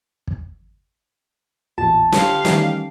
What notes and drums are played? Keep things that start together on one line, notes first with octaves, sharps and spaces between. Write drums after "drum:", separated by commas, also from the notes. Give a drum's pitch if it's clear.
drum: kick
A1 E2 A#2 A5
D3 F4 G4 F5 C6 C#7, drum: snare
D#3 E3 G3 A3 C#4 D#4, drum: snare